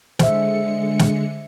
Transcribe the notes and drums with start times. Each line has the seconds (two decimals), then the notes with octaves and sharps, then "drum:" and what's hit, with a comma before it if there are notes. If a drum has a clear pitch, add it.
0.19 D3 G#3 C5 E5 C#7, drum: snare
0.99 drum: snare